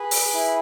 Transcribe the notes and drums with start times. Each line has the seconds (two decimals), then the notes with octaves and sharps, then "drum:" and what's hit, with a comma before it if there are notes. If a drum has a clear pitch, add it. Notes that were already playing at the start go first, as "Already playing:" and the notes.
Already playing: G#4 B4
0.11 drum: open hi-hat
0.34 E4